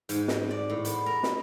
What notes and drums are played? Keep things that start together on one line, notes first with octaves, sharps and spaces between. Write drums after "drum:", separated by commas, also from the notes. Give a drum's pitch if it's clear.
G#2, drum: hi-hat
drum: snare
D5
A2
B3, drum: hi-hat
A#4
drum: snare